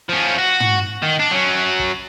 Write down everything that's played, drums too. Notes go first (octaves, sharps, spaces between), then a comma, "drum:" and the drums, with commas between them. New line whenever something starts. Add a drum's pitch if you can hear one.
F3 C#4
F#4
drum: tom
D#3
D4
F#3 C#4
drum: kick